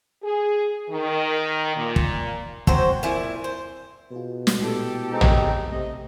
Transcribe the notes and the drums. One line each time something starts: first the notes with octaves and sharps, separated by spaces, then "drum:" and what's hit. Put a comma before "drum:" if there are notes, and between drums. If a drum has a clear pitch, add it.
G#4
D#3
A#2
drum: kick
F#3 C4 F#4 C5, drum: kick
A#2 C4 E4 G#5
C5
B2 F4 G#4 B4
drum: snare
A#2 B3 E4 G4 A4
G#3 C4 D#4 G#5
drum: tom
C3 A3 D#5